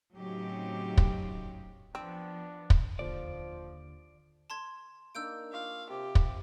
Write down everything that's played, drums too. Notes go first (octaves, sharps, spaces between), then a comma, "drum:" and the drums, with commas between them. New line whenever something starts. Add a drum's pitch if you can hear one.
A2 C#3 F#3 C4 D#4 G4
drum: kick
F3 B3 C4 D4
drum: kick
D#2 D3 F3 D5
A5 C6 G#6
A#3 D4 D#4 E6 G6 D7
F4 F5 C#6 D6
C3 G4 A5 C6
drum: kick